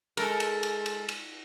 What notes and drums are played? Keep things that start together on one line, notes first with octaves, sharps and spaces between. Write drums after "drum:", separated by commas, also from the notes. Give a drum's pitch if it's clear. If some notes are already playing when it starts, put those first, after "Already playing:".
G#3 A4 A#4, drum: cymbal
drum: cymbal
drum: cymbal
drum: cymbal
drum: cymbal